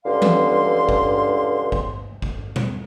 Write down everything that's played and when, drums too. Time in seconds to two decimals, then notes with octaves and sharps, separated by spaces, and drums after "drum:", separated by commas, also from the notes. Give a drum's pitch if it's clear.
0.05 C#2 G2 D3 F5 C6
0.22 drum: tom E3
0.89 drum: kick G#1
1.72 drum: kick G#1
2.22 drum: kick G#1
2.56 drum: tom A#2